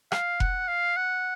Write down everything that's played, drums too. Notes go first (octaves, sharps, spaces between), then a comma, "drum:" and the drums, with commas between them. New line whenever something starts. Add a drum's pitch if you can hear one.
F5, drum: rim click
F#5, drum: kick F1
F5
F#5